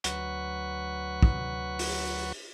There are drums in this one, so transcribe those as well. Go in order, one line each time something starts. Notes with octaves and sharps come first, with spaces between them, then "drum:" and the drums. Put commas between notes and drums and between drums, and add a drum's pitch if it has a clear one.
D2 F#3 B4 F#5 C#6, drum: hi-hat
drum: kick
drum: open hi-hat